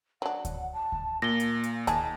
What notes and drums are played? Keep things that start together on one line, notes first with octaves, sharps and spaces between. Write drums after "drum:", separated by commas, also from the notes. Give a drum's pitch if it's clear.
F#3 D4 F#5
drum: kick D2, hi-hat
A5
drum: kick D2
A#2 A#3 A#6 G7
drum: hi-hat
drum: hi-hat
D#2 D#4 G#4 A5, drum: kick D2, hi-hat